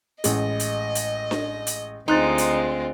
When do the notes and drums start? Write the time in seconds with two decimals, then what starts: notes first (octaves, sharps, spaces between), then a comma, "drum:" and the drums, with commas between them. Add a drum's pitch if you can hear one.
0.24 A1 G#3 D#5, drum: hi-hat
0.60 drum: hi-hat
0.95 drum: hi-hat
1.31 drum: snare D4
1.67 drum: hi-hat
2.08 D2 G#3 C4 D#4 F4 C6 F#6 A6
2.38 drum: hi-hat